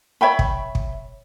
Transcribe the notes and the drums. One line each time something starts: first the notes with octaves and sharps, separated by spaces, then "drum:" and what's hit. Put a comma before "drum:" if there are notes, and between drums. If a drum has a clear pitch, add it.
C#5 E5 G5 B5
drum: kick
drum: kick